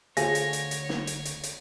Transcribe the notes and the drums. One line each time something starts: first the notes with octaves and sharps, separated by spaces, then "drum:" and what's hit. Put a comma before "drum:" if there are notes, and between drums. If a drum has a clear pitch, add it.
D2 F3 G#4 A4 C#5 A#6, drum: hi-hat
drum: hi-hat
drum: hi-hat
drum: hi-hat
drum: snare
drum: hi-hat
drum: hi-hat
drum: hi-hat